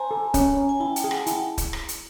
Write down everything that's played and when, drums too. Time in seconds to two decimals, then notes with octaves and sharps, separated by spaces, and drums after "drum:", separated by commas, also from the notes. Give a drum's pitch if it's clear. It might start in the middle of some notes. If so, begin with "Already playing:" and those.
Already playing: C5 G#5 A#5
0.11 A4
0.34 C#4, drum: kick, hi-hat
0.57 C#4
0.69 G#5
0.80 E4 G5 A5
0.96 G5 A5, drum: hi-hat
1.04 G#4
1.11 F#5 G#5, drum: rim click
1.26 E4 G5 A5, drum: hi-hat
1.58 drum: kick, hi-hat
1.73 drum: rim click
1.88 drum: hi-hat